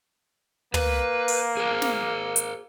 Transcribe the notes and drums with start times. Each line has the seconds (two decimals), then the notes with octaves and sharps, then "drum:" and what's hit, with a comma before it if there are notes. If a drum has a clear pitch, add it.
0.74 A#3 B4, drum: tom
1.28 drum: open hi-hat
1.57 G#4 A#4
1.82 drum: snare
2.36 drum: hi-hat